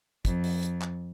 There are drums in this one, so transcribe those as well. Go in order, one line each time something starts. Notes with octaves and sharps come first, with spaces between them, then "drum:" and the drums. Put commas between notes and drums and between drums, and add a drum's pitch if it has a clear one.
F2, drum: kick, hi-hat
drum: open hi-hat
drum: hi-hat
drum: clap